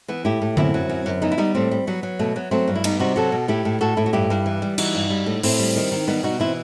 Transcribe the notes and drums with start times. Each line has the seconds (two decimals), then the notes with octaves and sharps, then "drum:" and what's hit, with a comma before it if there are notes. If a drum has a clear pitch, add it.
0.08 E3 B3
0.25 A2 E4 G4
0.42 A2
0.57 F#2 C4 E4, drum: tom D3
0.74 F#3
0.89 F#2
1.06 F#2
1.22 E3 B3 D#4
1.32 E4
1.38 G3 B3 D#4
1.55 A2 A3 C4
1.71 G3
1.87 F#3 B3
2.03 F#3
2.19 B2 A3
2.36 F#3 B3
2.51 F#3 A3 C4
2.68 G2
2.75 E4
2.84 G3 B3 D#4, drum: cymbal
3.00 C3 D#4 F#4
3.16 F#3 F#4 A4
3.32 B2
3.48 A2 E4 G4
3.65 A2
3.81 A2 F#4 A4
3.97 A2 E4
4.06 F#4
4.13 G2 E4 G4
4.30 G2
4.46 E3
4.62 G3
4.78 E3 D#4 F#4, drum: cymbal
4.95 G2
5.10 G3
5.26 A2
5.43 A2 C4 E4, drum: open hi-hat
5.59 G3
5.76 D#3
5.92 D#3
6.07 G3 B3 D#4
6.23 B2 D#4 F#4
6.40 E3 C4 E4